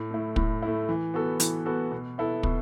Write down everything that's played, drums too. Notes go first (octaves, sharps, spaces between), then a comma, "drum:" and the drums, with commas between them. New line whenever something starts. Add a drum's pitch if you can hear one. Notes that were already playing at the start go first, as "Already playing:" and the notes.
Already playing: A2
A3 E4
A2, drum: kick
A3 E4
E3
B3 F#4 A4
E3, drum: hi-hat
B3 F#4 A4
B2
B3 E4 A4
B2, drum: kick